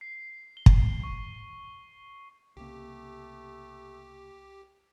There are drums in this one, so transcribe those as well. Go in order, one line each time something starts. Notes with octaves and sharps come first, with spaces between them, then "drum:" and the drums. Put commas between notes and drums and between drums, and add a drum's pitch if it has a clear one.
C7
G7
drum: kick
C#6
C2 C#3 A3 A#3 G4